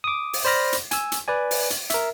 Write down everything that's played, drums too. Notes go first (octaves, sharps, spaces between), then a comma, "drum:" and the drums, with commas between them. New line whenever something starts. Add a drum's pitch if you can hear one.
D6 D#6
drum: open hi-hat
C5 D5 B5 F6 A#6
drum: hi-hat
G#5 E6, drum: hi-hat
drum: hi-hat
B4 D5 G#5
drum: open hi-hat
drum: hi-hat
A#4 E5, drum: hi-hat